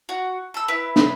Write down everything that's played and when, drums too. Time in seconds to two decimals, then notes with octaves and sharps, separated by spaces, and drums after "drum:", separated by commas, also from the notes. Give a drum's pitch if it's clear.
0.09 F#4
0.54 A4 E6
0.68 E4 B4
0.96 drum: snare